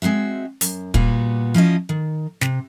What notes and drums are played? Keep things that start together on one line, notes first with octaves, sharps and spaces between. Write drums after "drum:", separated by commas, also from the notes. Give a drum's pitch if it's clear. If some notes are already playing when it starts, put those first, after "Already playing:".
G#3 C4 F#4 E5
F#2, drum: hi-hat
A#2 G3 B3 F#4, drum: kick
F3 C#4 E4 D#5
D#3
C3, drum: snare